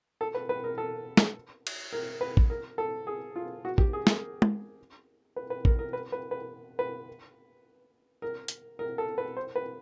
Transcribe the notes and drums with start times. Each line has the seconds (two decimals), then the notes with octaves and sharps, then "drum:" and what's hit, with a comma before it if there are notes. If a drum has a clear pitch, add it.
0.21 A4
0.35 B4
0.49 B4
0.64 A#4
0.78 A4
1.17 drum: snare
1.67 drum: cymbal
1.93 A#4
2.21 B4
2.37 drum: kick A1
2.50 A#4
2.78 A4
3.07 G#4
3.36 F4
3.65 F#4
3.78 G4, drum: kick A1
3.93 G#4
4.07 A#4, drum: snare
4.42 drum: tom
5.36 B4
5.50 B4
5.65 A#4, drum: kick A1
5.79 A#4
5.93 B4
6.12 B4
6.31 B4
6.79 B4
8.22 A#4
8.48 drum: hi-hat
8.79 A#4
8.98 A4
9.18 B4
9.37 C5
9.56 B4